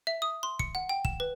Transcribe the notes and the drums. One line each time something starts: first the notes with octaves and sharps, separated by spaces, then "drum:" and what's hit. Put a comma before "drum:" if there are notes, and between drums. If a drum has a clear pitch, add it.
E5
D#6
C6
C#7, drum: kick
F#5
G5
E7, drum: kick
B4